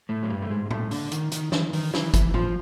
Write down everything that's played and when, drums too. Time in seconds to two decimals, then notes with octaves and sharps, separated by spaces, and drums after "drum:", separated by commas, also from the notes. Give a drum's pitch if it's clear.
0.09 A2 A3
0.23 F#3
0.30 G2 G3
0.42 A3
0.50 G#2 G#3
0.66 G#3
0.71 A2 A3, drum: tom A2
0.91 D3 D4, drum: open hi-hat
1.12 D#3 D#4, drum: hi-hat
1.32 D#3 D#4, drum: hi-hat
1.52 E3 E4, drum: snare
1.73 D#3 D#4, drum: open hi-hat
1.94 E3 E4, drum: snare
2.14 E3 E4, drum: kick G1, hi-hat
2.34 F3 F4, drum: tom A2